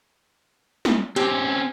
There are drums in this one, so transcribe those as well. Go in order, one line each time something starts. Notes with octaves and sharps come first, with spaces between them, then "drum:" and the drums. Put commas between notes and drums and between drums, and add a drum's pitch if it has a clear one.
drum: snare
C4 C#4 G4, drum: hi-hat